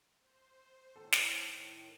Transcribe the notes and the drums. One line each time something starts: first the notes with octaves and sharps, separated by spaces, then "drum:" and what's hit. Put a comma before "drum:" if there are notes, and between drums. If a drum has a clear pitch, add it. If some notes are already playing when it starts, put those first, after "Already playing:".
C5
A2 D#3 A4
drum: snare